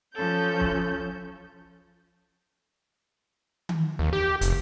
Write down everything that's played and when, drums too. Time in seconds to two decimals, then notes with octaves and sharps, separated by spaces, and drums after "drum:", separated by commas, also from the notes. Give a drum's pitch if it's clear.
0.14 F3 C#4 A4 G6
0.60 drum: kick
3.69 drum: tom D#3
3.99 D#2
4.13 G4
4.41 F1, drum: hi-hat